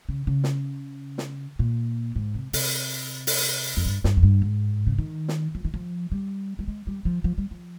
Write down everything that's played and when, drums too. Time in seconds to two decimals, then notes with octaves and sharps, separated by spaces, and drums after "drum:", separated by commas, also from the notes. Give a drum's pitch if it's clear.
0.09 C#3
0.27 C#3
0.44 drum: snare
1.18 drum: snare
1.59 A#2
2.16 G#2
2.35 C3
2.53 C3, drum: open hi-hat
3.27 drum: open hi-hat
3.77 F2
3.86 G2
4.04 G2, drum: snare
4.17 F2
4.23 G2
4.42 G#2
4.87 C#3
4.99 D#3
5.28 drum: snare
5.55 F3
5.65 D#3
5.74 F3
6.12 G3
6.59 G3
6.68 G#3
6.87 G3
7.05 F3
7.24 F3
7.38 G3
7.51 F3